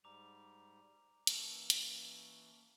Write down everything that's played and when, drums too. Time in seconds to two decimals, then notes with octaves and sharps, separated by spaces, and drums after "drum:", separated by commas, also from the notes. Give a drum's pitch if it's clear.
0.04 G#2 G3 A#5 D6 F7
1.27 E3 A#3 C#4 A4, drum: hi-hat
1.70 drum: hi-hat